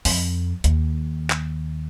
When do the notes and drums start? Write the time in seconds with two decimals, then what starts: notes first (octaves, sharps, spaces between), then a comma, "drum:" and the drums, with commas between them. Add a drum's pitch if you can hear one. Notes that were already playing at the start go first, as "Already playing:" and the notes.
0.05 F2, drum: open hi-hat
0.64 D#2, drum: hi-hat
1.30 drum: clap